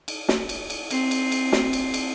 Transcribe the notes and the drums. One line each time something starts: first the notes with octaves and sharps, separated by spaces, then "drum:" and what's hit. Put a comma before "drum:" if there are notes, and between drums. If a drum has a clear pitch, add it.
drum: cymbal
drum: snare
drum: cymbal
drum: cymbal
C4, drum: cymbal
drum: cymbal
drum: cymbal
drum: snare
drum: cymbal
drum: cymbal